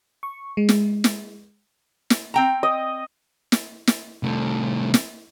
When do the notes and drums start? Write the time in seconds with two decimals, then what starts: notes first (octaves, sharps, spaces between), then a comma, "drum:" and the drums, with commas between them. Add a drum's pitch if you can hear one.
0.23 C#6
0.57 G#3
0.69 drum: snare
1.04 drum: snare
2.10 drum: snare
2.34 C4 G5 A#5
2.63 D#5
3.52 drum: snare
3.87 drum: snare
4.23 C2 A3
4.94 drum: snare